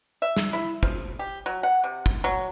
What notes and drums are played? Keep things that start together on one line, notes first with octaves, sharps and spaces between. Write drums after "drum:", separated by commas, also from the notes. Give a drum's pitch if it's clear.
E5
drum: snare
E4
F3, drum: kick
G4
F#3
F#5
C3
drum: kick
F#3